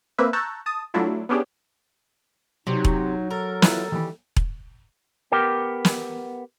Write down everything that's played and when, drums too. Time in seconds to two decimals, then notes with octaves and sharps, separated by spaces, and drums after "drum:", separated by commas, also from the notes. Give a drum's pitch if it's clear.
0.18 A#3 C4 B4 E5
0.33 A5 A#5 C#6 E6 F#6 G6
0.66 A5 D#6
0.94 F#3 A3 D4 E4 F4
1.29 B3 C#4 D4 G4 G#4
2.67 C3 F#3 D#4
2.85 drum: kick E1
3.31 A4 A#4
3.62 E4 F4 B4, drum: snare
3.92 D#3 E3 G3
4.36 drum: kick E1
5.32 B3 G4 A#4 G5
5.85 drum: snare